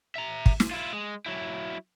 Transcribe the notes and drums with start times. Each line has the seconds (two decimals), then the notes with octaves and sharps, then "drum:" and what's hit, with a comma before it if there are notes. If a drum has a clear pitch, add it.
0.16 E5 A#5
0.46 drum: kick
0.60 drum: snare
0.71 E4 F4
0.93 G#3
1.26 F#3 E4